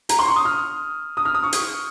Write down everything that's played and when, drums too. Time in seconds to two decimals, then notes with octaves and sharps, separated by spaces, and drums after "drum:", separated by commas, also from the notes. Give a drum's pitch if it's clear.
0.09 A#5, drum: hi-hat
0.19 C6
0.27 C#6
0.36 D#6
0.45 F6
1.17 D#6
1.25 F6
1.35 D#6
1.43 C#6
1.53 drum: hi-hat